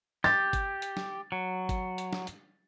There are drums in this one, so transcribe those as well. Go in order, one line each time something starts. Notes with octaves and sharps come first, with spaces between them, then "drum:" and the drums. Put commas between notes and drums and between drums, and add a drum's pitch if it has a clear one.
G4 A6, drum: snare
drum: kick G1, hi-hat
drum: hi-hat
drum: snare
F#3
drum: kick G1, hi-hat
drum: hi-hat
drum: snare
drum: hi-hat